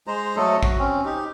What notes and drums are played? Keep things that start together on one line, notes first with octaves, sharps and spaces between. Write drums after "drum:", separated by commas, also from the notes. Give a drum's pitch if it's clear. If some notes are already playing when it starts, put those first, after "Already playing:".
G#3 C5 A#5
F#3 A3 A4 D#5
F#4, drum: kick
C4 C#4
D#4 G4